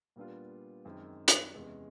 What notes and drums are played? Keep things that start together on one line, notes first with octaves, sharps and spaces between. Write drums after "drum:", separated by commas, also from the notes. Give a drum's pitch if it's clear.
A#2 G3 B3 D4 F4
F#2 D#3 G#3 C4
drum: hi-hat
E2 C3 E3 G#3 C#4